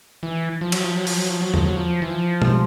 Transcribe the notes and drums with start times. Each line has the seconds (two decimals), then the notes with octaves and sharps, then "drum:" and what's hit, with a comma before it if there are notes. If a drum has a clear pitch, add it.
0.23 E3
0.61 F3
0.72 F#3, drum: cymbal
0.84 F3
0.96 F#3
1.07 F3, drum: open hi-hat
1.18 F#3
1.30 F3
1.42 F#3
1.54 F3, drum: tom E2
1.65 F#3
1.76 F3
2.02 E3
2.10 F3
2.42 drum: tom